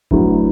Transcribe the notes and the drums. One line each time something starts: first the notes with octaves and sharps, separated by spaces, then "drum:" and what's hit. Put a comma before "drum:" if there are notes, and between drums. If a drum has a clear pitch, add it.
D2 D3 F#3 B3 E4, drum: kick F#1